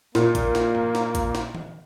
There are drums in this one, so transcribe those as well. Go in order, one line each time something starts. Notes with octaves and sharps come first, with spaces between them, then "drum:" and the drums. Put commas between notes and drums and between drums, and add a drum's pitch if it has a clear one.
A#2 A#3, drum: snare
drum: kick A1, hi-hat
drum: snare
drum: tom G2
drum: snare
drum: kick A1, hi-hat
drum: snare
drum: tom D#3